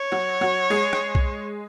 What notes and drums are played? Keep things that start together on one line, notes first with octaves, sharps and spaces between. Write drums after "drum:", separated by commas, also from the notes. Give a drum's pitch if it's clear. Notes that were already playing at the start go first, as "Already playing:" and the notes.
Already playing: C#5
F#3 F#4
F#3 F#4
G#3 G#4
drum: rim click
drum: kick